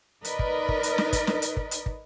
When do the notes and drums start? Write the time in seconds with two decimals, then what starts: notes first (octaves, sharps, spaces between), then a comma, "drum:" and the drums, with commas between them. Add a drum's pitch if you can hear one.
0.25 D#4 A#4 B4 D5 D#5, drum: hi-hat
0.39 drum: kick
0.69 drum: kick
0.83 drum: hi-hat
0.98 drum: snare
1.13 drum: kick, hi-hat
1.27 drum: snare
1.42 drum: hi-hat
1.57 drum: kick
1.71 drum: hi-hat
1.86 drum: kick